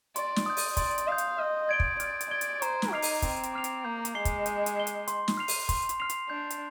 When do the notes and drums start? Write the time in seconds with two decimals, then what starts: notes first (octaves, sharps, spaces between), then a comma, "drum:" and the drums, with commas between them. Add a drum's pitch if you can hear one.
0.16 D5 C6, drum: hi-hat
0.36 drum: snare
0.46 D#6 G6
0.57 drum: open hi-hat
0.77 D5 C6, drum: kick, hi-hat
0.98 drum: hi-hat
1.07 F5 D#6 G6
1.18 drum: hi-hat
1.38 D#5 F6
1.69 D5 G#6 D7 G7
1.80 drum: kick
2.00 D5 F6, drum: hi-hat
2.21 drum: hi-hat
2.31 D5 G#6 D7 G7
2.41 drum: hi-hat
2.62 C5 A#5, drum: hi-hat
2.82 drum: snare
2.92 D#4 D6 F6 C7 F7
3.02 drum: open hi-hat
3.22 C4 A#5, drum: kick, hi-hat
3.43 drum: hi-hat
3.54 D6 F6 C7 F7
3.64 drum: hi-hat
3.85 A#3 G6
4.05 drum: hi-hat
4.15 G#3 C7 G7
4.25 drum: kick, hi-hat
4.46 G6, drum: hi-hat
4.66 drum: hi-hat
4.76 C7 G7
4.87 drum: hi-hat
5.08 C6, drum: hi-hat
5.28 drum: snare
5.37 F6 C7 F7
5.48 drum: open hi-hat
5.69 C6, drum: kick, hi-hat
5.89 drum: hi-hat
6.00 F6 C7 F7
6.10 drum: hi-hat
6.30 D4 G6
6.50 drum: hi-hat